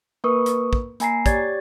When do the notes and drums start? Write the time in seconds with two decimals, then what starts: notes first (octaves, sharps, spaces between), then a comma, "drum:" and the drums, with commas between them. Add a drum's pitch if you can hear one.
0.24 A#3 A#4 B4 C#6 D#6
0.46 drum: hi-hat
0.73 drum: kick
1.00 A#3 G#5 A#5 C7, drum: hi-hat
1.26 G4 C#5 D5 G#6 A6, drum: kick, hi-hat